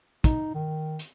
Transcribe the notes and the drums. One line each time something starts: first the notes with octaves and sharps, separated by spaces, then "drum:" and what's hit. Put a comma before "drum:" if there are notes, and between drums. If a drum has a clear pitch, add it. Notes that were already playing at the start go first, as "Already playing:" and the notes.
D#4, drum: kick, hi-hat
D#3
drum: hi-hat